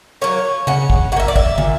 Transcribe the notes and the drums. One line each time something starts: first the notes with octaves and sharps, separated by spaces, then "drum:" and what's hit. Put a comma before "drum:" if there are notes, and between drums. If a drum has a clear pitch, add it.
F#3 A#3 C#5
C#3 F#5, drum: tom C#3
drum: kick
F#3 F#5
A#3 E5
D5
E5, drum: kick
A#2, drum: tom